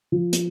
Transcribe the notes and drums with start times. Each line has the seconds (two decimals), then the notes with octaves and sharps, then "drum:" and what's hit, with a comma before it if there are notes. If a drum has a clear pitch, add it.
0.12 F3
0.33 drum: hi-hat